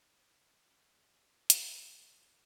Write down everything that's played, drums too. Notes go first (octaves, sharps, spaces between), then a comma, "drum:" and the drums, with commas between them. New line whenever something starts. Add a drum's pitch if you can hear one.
G4 C#5 A5
F#5 C#7 F#7
F#4 A#4 G5
drum: hi-hat
G3 G#4 D#5 E5 D6
B3 C4 G#4 B4